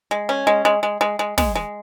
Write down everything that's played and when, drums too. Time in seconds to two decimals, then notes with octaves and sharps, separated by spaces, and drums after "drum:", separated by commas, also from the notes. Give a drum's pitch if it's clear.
0.11 G#3
0.29 C#4
0.47 G#3
0.65 G#3
0.83 G#3
1.01 G#3
1.19 G#3
1.38 G#3, drum: snare
1.55 G#3